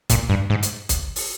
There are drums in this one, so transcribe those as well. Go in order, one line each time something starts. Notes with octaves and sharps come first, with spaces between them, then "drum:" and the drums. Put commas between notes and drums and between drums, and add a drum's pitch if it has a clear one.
A#2, drum: kick, hi-hat
G2
G#2
drum: hi-hat
drum: kick, hi-hat
drum: open hi-hat